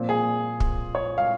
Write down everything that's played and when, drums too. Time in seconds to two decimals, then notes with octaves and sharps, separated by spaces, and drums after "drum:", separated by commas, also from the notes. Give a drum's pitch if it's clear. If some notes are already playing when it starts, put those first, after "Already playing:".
Already playing: A#2 F3 C4
0.09 G#4
0.60 drum: kick
0.95 C#5
1.18 F5